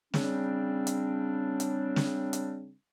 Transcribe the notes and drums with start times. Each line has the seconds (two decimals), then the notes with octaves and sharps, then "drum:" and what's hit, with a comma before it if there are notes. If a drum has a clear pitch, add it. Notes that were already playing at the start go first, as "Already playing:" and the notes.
0.14 C#3 G3 C4 D4, drum: snare
0.87 drum: hi-hat
1.60 drum: hi-hat
1.96 drum: snare
2.33 drum: hi-hat